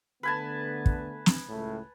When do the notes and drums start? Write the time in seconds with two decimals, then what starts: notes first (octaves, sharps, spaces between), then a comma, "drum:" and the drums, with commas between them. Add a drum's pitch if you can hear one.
0.23 D3 A3 B3 B4 G#5 A5
0.86 drum: kick
1.26 drum: snare
1.49 C#2 A2